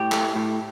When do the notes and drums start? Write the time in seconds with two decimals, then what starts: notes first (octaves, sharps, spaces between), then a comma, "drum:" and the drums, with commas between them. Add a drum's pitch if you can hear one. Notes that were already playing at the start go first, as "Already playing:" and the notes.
Already playing: A2 G4
0.12 A3, drum: clap
0.36 A2